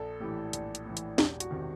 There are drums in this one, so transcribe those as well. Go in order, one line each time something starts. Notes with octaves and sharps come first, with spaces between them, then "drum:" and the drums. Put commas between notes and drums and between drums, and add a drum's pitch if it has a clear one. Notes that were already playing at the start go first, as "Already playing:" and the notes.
Already playing: A#1 A4
A2 E3 G4
A#1, drum: hi-hat
drum: hi-hat
A2 E3
drum: hi-hat
E1 G4, drum: snare
F#4, drum: hi-hat
C3 D#3